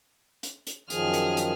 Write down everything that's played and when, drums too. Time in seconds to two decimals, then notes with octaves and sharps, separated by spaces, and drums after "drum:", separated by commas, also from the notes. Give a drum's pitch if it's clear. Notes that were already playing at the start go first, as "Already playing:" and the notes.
0.43 drum: hi-hat
0.67 drum: hi-hat
0.90 F#2 D#3 F3 G#4 F6, drum: hi-hat
1.14 drum: hi-hat
1.37 drum: hi-hat